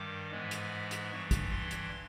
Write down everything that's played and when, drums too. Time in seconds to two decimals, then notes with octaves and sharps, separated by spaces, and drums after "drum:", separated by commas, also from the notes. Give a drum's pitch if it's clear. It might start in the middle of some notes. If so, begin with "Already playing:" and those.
Already playing: G2 D#3 G3 D6
0.31 G#2 E3 G#3 B3
0.51 drum: hi-hat
0.91 drum: hi-hat
1.11 G2 E3 G3 C#6
1.31 drum: kick, hi-hat
1.51 C6
1.71 drum: hi-hat